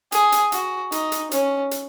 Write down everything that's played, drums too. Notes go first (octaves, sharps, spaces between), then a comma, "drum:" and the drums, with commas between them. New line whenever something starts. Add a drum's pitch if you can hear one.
G#4, drum: hi-hat
drum: hi-hat
F#4, drum: hi-hat
D#4, drum: hi-hat
drum: hi-hat
C#4, drum: hi-hat
drum: hi-hat